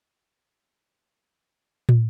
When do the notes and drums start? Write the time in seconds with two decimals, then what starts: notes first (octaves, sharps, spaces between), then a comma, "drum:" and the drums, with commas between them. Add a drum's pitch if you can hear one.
0.11 D#3 A#3 C4 F4 C5 C#5
1.89 drum: tom